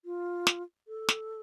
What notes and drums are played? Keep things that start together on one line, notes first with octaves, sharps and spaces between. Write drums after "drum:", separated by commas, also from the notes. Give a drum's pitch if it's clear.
F4
drum: snare
A4
drum: snare